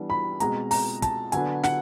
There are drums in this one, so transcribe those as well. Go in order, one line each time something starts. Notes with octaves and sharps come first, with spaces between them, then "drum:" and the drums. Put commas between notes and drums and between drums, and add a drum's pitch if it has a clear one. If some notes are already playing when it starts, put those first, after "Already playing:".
Already playing: E3 G3 B3 D4
B5
B2 G#3 C4 A#5, drum: hi-hat
A#5, drum: open hi-hat
A5, drum: kick, hi-hat
D3 F#3 B3 D4 G#5, drum: hi-hat
F#5, drum: snare